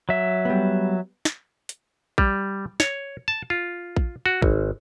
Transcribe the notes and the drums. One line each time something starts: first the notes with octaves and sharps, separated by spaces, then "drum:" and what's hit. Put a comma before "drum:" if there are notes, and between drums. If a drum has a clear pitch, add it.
F#3 E5
G3 B3
drum: snare
drum: hi-hat
G3, drum: kick A#1
C#5, drum: snare
A5
F4
drum: kick A#1
F#4
G#1, drum: kick A#1